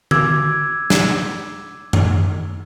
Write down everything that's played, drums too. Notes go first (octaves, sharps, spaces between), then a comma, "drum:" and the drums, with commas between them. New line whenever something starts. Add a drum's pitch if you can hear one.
D6 E6 G#6, drum: tom D3
drum: snare
drum: tom F#2